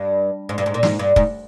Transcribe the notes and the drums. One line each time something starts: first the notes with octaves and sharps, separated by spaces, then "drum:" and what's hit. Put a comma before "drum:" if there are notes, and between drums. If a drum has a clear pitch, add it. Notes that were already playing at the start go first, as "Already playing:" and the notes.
Already playing: G2
G#2
G2
G#2
A#2
G#2, drum: snare
G2
G#2, drum: kick